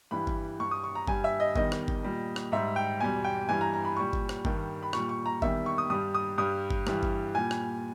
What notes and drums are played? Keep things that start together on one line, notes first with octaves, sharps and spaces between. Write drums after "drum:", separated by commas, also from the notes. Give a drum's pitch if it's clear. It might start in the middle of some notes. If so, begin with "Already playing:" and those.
G2 E3 G3 B5
drum: kick G1
G2 G3 C#6
D#6
C#6
A#5
G2 G3 G#5, drum: kick G1
E5
D#5
E2 D#3 G3 D#5, drum: kick G1
drum: rim click
drum: kick G1
A#2 G3
drum: rim click
G#2 G3 E5
G5
E2 B2 G3 G#5
G5
G2 E3 G3 G#5
A#5
A#5
B5
A#2 G3 C#6
drum: kick G1
drum: rim click
G2 D#3 G3, drum: kick G1
B5
A#2 G3 C#6, drum: rim click
C#6
A#5
E2 D#3 G3 E5, drum: kick G1
C#6
D#6
G2 G3 D#6
D#6
G2 G3 D#6
drum: kick G1
G2 E3 G3, drum: rim click
drum: kick G1
A#2 G3 G#5
drum: rim click